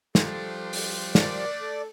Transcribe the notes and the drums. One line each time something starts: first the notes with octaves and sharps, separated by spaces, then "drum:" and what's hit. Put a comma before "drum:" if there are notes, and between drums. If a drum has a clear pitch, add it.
F3 G3 A3 D4 A4 C5, drum: snare
drum: open hi-hat
A#4 D5, drum: snare
A4